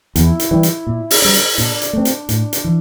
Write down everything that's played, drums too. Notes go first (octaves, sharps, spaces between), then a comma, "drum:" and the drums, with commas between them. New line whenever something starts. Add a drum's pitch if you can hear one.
E2 E4, drum: hi-hat
drum: hi-hat
E3 G3
drum: hi-hat
A#2
drum: open hi-hat
G3 D4
drum: hi-hat
E4
A#2 D4, drum: hi-hat
drum: hi-hat
A3 C4
drum: hi-hat
A2, drum: hi-hat
drum: hi-hat
E3